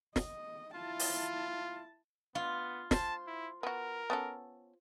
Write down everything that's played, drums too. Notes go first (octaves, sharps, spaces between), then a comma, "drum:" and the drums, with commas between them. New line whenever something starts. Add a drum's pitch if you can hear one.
D#5, drum: snare
E4 F4 A5
drum: open hi-hat
B3 F4
C5 A5, drum: snare
E4
B3 F#4 A#4
B3 C#4 A4